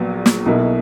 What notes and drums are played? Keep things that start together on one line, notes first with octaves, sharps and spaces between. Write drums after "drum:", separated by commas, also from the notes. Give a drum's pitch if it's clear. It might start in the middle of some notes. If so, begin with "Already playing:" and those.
Already playing: A#1 A#2 F#3 B3
drum: snare
B1 B2 A#3 E4